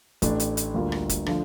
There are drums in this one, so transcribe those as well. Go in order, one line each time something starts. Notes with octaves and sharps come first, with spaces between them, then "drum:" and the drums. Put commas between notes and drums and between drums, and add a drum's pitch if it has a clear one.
A1 A2 A3 D4, drum: kick F1, hi-hat
drum: hi-hat
drum: hi-hat
D2 D3 G3 A#3 F4
drum: rim click
drum: kick F1, hi-hat
D3 F3 A3, drum: rim click